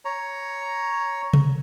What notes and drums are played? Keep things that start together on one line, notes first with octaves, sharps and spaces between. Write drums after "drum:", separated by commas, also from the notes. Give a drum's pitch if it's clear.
C#5 A#5
drum: tom C3